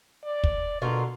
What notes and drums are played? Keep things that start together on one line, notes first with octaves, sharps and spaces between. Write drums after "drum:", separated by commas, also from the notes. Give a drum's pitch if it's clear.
D5
drum: kick
B2 D3 A#3 F4